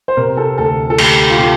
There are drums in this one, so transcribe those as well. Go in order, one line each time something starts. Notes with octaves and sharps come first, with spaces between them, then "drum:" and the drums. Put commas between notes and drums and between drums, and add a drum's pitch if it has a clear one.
C5
C3 A#4
A4
D2 A4
A4
D2 G4, drum: cymbal
F4
C3 G4